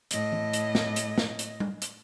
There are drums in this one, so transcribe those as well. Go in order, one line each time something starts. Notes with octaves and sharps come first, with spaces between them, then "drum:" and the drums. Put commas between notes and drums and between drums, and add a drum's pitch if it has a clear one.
A2 D#5, drum: hi-hat
drum: tom E3
drum: hi-hat
drum: snare
drum: hi-hat
drum: snare
drum: hi-hat
drum: tom G3
drum: hi-hat